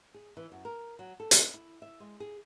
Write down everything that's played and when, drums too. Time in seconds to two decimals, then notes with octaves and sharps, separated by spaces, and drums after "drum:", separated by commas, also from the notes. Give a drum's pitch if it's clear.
0.14 G#4
0.37 E3
0.52 F#2
0.65 A#4
0.99 F#3
1.20 A4
1.31 drum: hi-hat
1.54 E4
1.82 E5
2.00 G#3
2.20 G#4